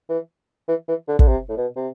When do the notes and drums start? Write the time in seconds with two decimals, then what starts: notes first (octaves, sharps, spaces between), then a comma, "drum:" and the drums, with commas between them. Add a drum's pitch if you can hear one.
0.09 E3
0.68 E3
0.88 E3
1.08 D3
1.19 D3, drum: kick
1.28 C3
1.49 A2
1.57 B2
1.76 C3